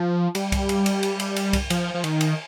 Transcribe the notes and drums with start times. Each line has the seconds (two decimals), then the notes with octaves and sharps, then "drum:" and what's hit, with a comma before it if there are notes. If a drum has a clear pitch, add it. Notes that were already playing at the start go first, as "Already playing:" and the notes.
Already playing: F3
0.35 G3, drum: cymbal
0.52 drum: kick C2, cymbal
0.69 drum: cymbal
0.86 drum: cymbal
1.03 drum: cymbal
1.20 drum: cymbal
1.36 drum: cymbal
1.53 drum: kick C2, cymbal
1.70 F3, drum: cymbal
1.94 F3
2.04 D#3, drum: cymbal
2.21 drum: cymbal